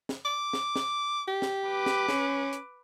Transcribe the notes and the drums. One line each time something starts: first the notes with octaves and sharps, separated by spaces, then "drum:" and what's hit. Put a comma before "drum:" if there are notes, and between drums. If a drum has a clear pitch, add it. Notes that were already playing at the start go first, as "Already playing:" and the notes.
drum: snare
D6
drum: snare
drum: snare
G4
drum: snare
B4 D6
drum: snare
C#4, drum: snare
drum: hi-hat